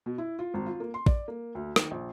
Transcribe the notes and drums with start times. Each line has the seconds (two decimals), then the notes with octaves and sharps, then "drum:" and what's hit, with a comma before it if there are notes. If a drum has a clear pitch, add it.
0.06 B2
0.18 E4
0.39 F4
0.54 G#1
0.66 F4
0.80 A#3
0.94 C6
1.06 D5, drum: kick
1.28 A#3
1.55 D2
1.76 D#3, drum: rim click
1.91 A#1